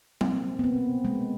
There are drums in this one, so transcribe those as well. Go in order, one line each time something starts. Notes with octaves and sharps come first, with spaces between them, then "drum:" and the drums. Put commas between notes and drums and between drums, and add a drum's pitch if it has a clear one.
A#3 C4, drum: tom
B3
A#3 C4
G#3 A#3